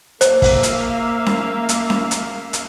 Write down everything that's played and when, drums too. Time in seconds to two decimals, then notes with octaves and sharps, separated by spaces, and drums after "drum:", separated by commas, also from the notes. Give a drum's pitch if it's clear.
0.21 A#3 C5 E5 F5, drum: hi-hat
0.42 drum: kick, open hi-hat
0.63 drum: hi-hat
1.26 drum: snare C#4
1.69 drum: hi-hat
1.90 drum: snare C#4
2.11 drum: hi-hat
2.53 drum: hi-hat